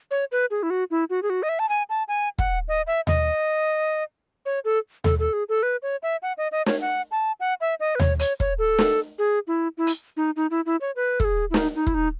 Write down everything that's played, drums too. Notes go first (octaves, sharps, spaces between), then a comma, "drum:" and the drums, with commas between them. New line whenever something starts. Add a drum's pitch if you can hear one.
C#5
B4
G#4
E4
F#4
E4
F#4
G#4
F#4
D#5
E5
A5
G#5
A5
G#5
F#5, drum: kick
D#5
E5
D#5, drum: tom D#2
C#5
A4
A4, drum: tom D#2
A4
G#4
A4
B4
C#5
E5
F#5
D#5
D#5
C#5, drum: snare
F#5
A5
F#5
E5
D#5
B4
C#5, drum: tom D#2
C#5, drum: hi-hat
C#5, drum: kick
A4
drum: snare
G#4
E4
E4
drum: hi-hat
D#4
D#4
E4
E4
C#5
B4
A4, drum: kick
G#4
E4
D#4, drum: snare
D#4
E4, drum: kick
D#4